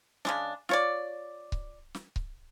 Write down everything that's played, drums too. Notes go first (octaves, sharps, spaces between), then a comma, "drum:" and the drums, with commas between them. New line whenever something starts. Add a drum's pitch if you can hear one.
C#3 G#3 D4, drum: snare
F4 C#5 D5, drum: snare
drum: kick C#1
drum: snare
drum: kick C#1